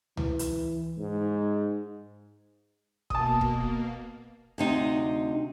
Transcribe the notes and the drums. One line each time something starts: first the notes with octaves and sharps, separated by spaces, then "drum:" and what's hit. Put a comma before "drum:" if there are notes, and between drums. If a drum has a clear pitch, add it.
E3, drum: tom C#2
drum: hi-hat
G#2
B2 A#3 A5 D#6, drum: kick
drum: kick
D2 C3 D#4 G4